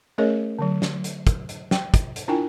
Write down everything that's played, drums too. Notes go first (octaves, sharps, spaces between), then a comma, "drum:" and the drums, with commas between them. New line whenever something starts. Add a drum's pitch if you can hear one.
A3 C#4 G#4 A#4 C#5 D#5
D3 F#3
drum: snare
drum: hi-hat
drum: kick, hi-hat
drum: hi-hat
G5, drum: snare
drum: kick, hi-hat
drum: hi-hat
D4 E4 F4 A#4 G5 G#5